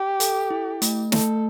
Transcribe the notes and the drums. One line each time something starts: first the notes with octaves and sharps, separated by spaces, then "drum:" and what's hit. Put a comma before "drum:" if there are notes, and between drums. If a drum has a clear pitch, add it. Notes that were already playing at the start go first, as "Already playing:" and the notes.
Already playing: G4
A4, drum: hi-hat
E4
A3, drum: hi-hat
A3 A4, drum: snare